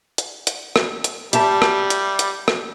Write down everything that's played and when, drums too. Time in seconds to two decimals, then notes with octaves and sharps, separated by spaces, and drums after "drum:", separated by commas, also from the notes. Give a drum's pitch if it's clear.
0.18 drum: hi-hat
0.47 drum: hi-hat
0.76 drum: rim click
1.04 drum: hi-hat
1.33 G3 G4 E5 A5, drum: hi-hat
1.62 drum: rim click
1.90 drum: hi-hat
2.19 drum: hi-hat
2.48 drum: rim click